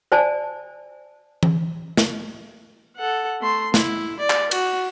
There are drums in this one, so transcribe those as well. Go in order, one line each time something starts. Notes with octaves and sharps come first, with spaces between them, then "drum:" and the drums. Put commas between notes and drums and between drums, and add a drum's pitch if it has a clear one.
C5 D5 G#5 A5
drum: tom E3
drum: snare
A4 F#5
A3 C6
E4, drum: snare
D5
drum: clap
F#4, drum: cymbal